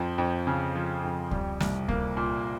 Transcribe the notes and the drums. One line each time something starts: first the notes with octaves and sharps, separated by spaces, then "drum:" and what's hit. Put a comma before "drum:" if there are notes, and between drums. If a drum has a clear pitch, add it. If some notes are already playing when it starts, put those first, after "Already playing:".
Already playing: F2 F3
F2
C#3
F3
F2
G3, drum: kick C#2
C2, drum: snare
A#3, drum: kick C#2
A#2